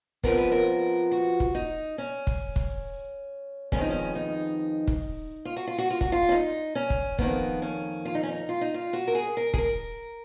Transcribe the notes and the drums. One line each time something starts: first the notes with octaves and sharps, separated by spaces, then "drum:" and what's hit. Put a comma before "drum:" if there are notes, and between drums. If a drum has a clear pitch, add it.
F2 F3 B3 A#4, drum: kick
B4
A#4
F#4
drum: kick
D#4
C#4
drum: kick
drum: kick
F2 D#3 G#3 B3 C#4, drum: kick
D#4
C#4
D#4
drum: kick
F4
F#4
F4
F#4
F4
F#4, drum: kick
F4
C#4
D#4
C#4
drum: kick
F2 D#3 A#3 B3, drum: kick
C#4
F4
D#4
C#4
D#4
F4
D#4
F4
F#4
A#4
G#4
A#4
G#4, drum: kick
A#4